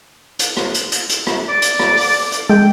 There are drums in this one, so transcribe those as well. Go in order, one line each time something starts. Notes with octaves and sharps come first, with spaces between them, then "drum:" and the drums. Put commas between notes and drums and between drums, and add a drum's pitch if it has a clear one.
drum: hi-hat
drum: rim click
drum: hi-hat
drum: hi-hat
drum: hi-hat
drum: rim click
D5
drum: hi-hat
drum: rim click
drum: open hi-hat
drum: hi-hat
G#3 G5